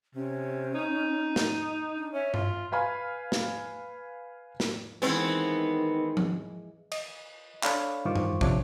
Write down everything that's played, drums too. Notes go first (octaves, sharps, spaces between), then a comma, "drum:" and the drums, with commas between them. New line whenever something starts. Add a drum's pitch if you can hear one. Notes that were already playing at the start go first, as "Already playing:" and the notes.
C3 C#4
D#4
drum: snare
D4
C#4 E5
F4, drum: tom G2
B4 F5 G#5 B5
drum: snare
drum: snare
D#3 E3 G#3 B3 C4
drum: tom F3
D#5, drum: cymbal
D4 A4 C#5 D5 F5 B5, drum: clap
G2 D#3 F4 C5 C#6 D6
drum: tom F#2
C3 F3 D4 C#5 E5 D6, drum: kick